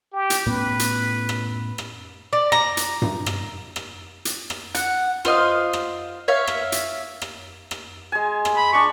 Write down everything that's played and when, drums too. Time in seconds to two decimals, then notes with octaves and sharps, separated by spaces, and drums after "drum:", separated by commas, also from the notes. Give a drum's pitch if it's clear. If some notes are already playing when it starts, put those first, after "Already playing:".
0.13 G4
0.30 drum: hi-hat
0.46 A2 B3 C#4 B4
0.79 drum: hi-hat
1.29 drum: rim click
1.78 drum: rim click
2.33 D5
2.52 A#5, drum: rim click
2.77 drum: hi-hat
3.02 drum: tom G2
3.26 drum: rim click
3.76 drum: rim click
4.25 drum: hi-hat
4.50 drum: rim click
4.75 F#5, drum: hi-hat
5.25 F4 C5 D#5 F5, drum: rim click
5.73 drum: rim click
6.28 C#5 E5 F5
6.47 drum: rim click
6.72 drum: hi-hat
7.22 drum: rim click
7.71 drum: rim click
8.12 G#3 G#5
8.45 drum: rim click
8.56 B5
8.73 G#3 D4 C#6